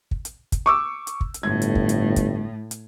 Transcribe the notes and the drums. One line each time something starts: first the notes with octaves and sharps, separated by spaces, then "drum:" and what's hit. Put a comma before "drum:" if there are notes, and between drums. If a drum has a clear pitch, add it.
drum: kick
drum: hi-hat
drum: kick, hi-hat
C#6 D6 E6
drum: hi-hat
drum: kick
drum: hi-hat
G1 A2 G#6
drum: hi-hat
drum: kick
drum: hi-hat
drum: kick, hi-hat
drum: hi-hat